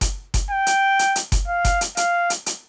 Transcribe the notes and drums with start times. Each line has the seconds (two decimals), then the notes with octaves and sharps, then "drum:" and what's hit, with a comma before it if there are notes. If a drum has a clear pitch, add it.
0.01 drum: kick F#1, hi-hat
0.34 drum: kick F#1, hi-hat
0.51 G5
0.66 drum: hi-hat
0.99 drum: hi-hat
1.16 drum: hi-hat
1.32 drum: kick F#1, hi-hat
1.48 F5
1.65 drum: kick F#1, hi-hat
1.81 drum: hi-hat
1.97 F5, drum: hi-hat
2.30 drum: hi-hat
2.46 drum: hi-hat